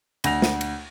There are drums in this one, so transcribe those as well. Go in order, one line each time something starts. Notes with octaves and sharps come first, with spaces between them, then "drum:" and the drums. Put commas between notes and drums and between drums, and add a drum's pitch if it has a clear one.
D2 A#6 F7, drum: cymbal
drum: snare
drum: cymbal